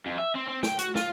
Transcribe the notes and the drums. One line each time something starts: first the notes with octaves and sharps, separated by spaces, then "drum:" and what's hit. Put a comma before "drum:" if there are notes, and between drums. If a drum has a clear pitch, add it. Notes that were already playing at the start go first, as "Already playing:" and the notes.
F2
E5
C4
C4
G5, drum: snare
F#4, drum: hi-hat
F4, drum: snare